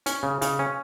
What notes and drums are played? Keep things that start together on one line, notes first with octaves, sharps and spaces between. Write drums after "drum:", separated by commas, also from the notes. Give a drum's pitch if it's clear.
C#4, drum: hi-hat
C#3
C#3, drum: hi-hat
C#4